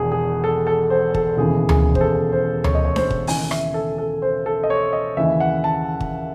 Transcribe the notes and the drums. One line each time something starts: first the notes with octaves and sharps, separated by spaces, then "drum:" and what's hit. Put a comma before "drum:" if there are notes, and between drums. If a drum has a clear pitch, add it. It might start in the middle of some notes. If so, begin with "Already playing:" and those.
Already playing: E1 E2 D#3 G#4
G#4
A4
A4
C5
A4, drum: kick
E1 D#2 C#3 E3 G#4
G#4, drum: tom D2
C5, drum: kick
A4
C5
C#5, drum: tom D2
D#5
C#5
C5, drum: snare D4
drum: kick
D#2 C#3 E3 G#5, drum: open hi-hat
E5, drum: rim click
A4
A4
C5
A4
D#5
C#5
D#5
D#2 C#3 E3 E5
F#5
A5
drum: kick